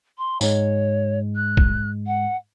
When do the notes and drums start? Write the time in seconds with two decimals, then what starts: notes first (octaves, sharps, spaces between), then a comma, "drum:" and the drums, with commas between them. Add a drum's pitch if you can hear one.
0.18 C6
0.41 G#2 G#3 C#5, drum: tambourine
1.35 F#6
1.57 drum: kick
2.07 F#5